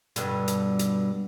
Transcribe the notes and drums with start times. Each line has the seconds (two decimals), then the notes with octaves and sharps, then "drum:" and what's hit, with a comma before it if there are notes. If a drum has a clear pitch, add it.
0.16 G2 B2 D3, drum: hi-hat
0.48 drum: hi-hat
0.79 drum: hi-hat